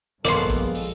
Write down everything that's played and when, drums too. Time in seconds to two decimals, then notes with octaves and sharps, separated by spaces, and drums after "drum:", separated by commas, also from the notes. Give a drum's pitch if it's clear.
0.25 A#1 G2 G#3 A#3 B3 A4 D5 C6, drum: snare
0.50 drum: kick, hi-hat
0.75 drum: open hi-hat